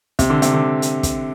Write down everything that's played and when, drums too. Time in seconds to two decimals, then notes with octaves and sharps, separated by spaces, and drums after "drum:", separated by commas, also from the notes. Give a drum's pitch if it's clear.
0.19 C3, drum: kick, hi-hat
0.30 D3
0.42 C3, drum: hi-hat
0.54 D3
0.82 drum: hi-hat
1.03 drum: kick, hi-hat